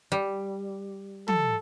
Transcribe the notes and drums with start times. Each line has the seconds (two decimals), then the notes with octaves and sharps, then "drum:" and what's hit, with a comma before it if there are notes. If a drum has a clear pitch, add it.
0.12 G3
1.28 A4, drum: tom